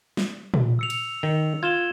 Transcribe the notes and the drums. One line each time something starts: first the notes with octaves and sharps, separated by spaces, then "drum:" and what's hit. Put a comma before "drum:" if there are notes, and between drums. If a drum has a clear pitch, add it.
drum: snare
drum: tom A#2
E6 C#7 F7
drum: cymbal
D#3
F4 G#6 E7 G7